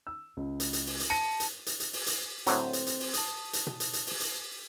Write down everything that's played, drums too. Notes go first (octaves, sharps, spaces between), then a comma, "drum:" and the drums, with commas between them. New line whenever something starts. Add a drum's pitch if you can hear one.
E6
C#2
drum: hi-hat
drum: hi-hat
drum: open hi-hat
drum: hi-hat
A5 A#6 C#7
drum: hi-hat
drum: hi-hat
drum: hi-hat
drum: open hi-hat
drum: hi-hat
A2 D3 F#3 C4 C5, drum: hi-hat
drum: hi-hat
drum: hi-hat
drum: open hi-hat
A5 D#6, drum: hi-hat
drum: hi-hat
drum: tom B2
drum: hi-hat
drum: hi-hat
drum: open hi-hat
drum: hi-hat